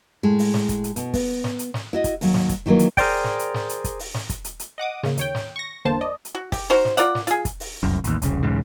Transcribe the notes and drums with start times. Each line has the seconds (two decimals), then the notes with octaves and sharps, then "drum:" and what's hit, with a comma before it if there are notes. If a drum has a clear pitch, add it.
0.23 A2 G#3
0.39 drum: open hi-hat
0.54 drum: snare
0.69 drum: kick, hi-hat
0.84 drum: hi-hat
0.96 B2, drum: hi-hat
1.14 B3, drum: kick, open hi-hat
1.44 drum: snare
1.59 drum: hi-hat
1.74 drum: snare
1.93 E4 F#4 D#5
2.04 drum: kick, hi-hat
2.21 D#2 F#3, drum: open hi-hat
2.34 drum: snare
2.49 drum: kick, hi-hat
2.66 D#3 E3 F#3 A3 A#3
2.79 drum: hi-hat
2.97 G#4 A#4 C5 D5 G5, drum: kick, open hi-hat
3.24 drum: snare
3.39 drum: hi-hat
3.54 drum: snare
3.69 drum: hi-hat
3.84 drum: kick, hi-hat
3.99 drum: open hi-hat
4.14 drum: snare
4.29 drum: kick, hi-hat
4.44 drum: hi-hat
4.60 drum: hi-hat
4.78 D#5 F#5 D6 D#6
5.03 C#3 A#3, drum: snare
5.17 D#2 C#5 G5, drum: hi-hat
5.35 drum: snare
5.56 C#6 A#6
5.85 G1 E2 D3 A#3 C5 A5
6.01 D5 D#5
6.25 drum: hi-hat
6.35 F#4
6.52 G4, drum: kick, open hi-hat
6.70 D#4 F#4 A#4 C5
6.85 drum: snare
6.97 F4 A#4 D5 F#5, drum: hi-hat
7.15 drum: snare
7.27 F4 G#4, drum: hi-hat
7.45 drum: kick, hi-hat
7.60 drum: open hi-hat
7.83 F1 C2 F#2
8.04 A1 D#2, drum: hi-hat
8.22 E1 C2 C#3, drum: hi-hat
8.43 B1 E2 G#2 C#3